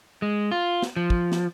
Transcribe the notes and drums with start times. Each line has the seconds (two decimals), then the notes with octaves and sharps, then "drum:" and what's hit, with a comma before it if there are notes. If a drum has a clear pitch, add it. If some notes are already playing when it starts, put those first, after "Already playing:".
0.22 G#3
0.52 F4
0.82 drum: snare
0.96 F3
1.10 drum: kick
1.32 drum: snare